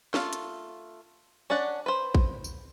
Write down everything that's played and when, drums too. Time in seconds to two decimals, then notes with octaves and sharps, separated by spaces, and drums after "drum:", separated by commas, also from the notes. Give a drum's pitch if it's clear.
0.14 A3 F4, drum: snare
0.33 drum: hi-hat
1.50 C#4 D4 D5 F#5
1.86 B4 C5
2.15 drum: kick A1
2.44 drum: tambourine